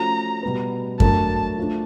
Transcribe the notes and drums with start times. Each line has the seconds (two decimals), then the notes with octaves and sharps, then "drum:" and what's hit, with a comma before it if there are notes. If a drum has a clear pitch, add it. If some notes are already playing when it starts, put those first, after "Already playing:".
Already playing: F3 A3 C#4 F#4 A#5
0.43 B2 G3 B3
1.00 F#3 A3 D4 F#4 A#4 A5, drum: kick F#2
1.58 F3 A3 D4